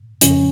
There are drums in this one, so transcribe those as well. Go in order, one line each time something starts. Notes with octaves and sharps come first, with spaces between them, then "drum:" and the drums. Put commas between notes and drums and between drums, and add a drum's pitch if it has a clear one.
F2 C#3 F3 C#4, drum: hi-hat